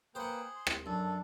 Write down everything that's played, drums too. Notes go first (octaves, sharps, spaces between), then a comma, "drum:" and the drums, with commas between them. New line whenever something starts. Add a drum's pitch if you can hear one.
A#3 G#4 B4 C5 F#5 G5
C6
drum: rim click
F#2 D4 A4